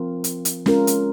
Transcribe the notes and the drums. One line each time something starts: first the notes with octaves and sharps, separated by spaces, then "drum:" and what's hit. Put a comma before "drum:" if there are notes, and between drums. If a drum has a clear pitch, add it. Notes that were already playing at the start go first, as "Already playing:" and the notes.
Already playing: F3 C4 F4 A#4
drum: hi-hat
drum: hi-hat
G#3 C#4 F4 A#4, drum: snare
drum: hi-hat